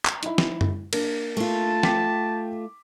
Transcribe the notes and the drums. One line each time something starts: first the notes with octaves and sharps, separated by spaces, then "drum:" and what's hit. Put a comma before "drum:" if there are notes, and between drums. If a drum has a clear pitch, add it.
drum: clap
D#4 E4, drum: hi-hat
drum: snare
drum: tom F#2
A#3 D4, drum: cymbal
A3 F4 A5
G5 D6 B6, drum: snare